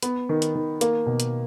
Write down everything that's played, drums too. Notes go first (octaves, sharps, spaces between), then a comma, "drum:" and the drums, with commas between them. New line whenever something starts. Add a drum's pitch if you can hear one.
B3, drum: hi-hat
D#3
drum: hi-hat
D#3
A#3, drum: hi-hat
B2
drum: hi-hat